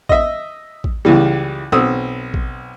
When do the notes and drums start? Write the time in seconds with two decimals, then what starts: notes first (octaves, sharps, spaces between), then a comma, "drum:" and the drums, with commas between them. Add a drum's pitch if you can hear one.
0.09 D#5 E5, drum: kick
0.84 drum: kick
1.05 C#2 C#3 E3 G3
1.72 B1 C4 D#6 E6
2.34 drum: kick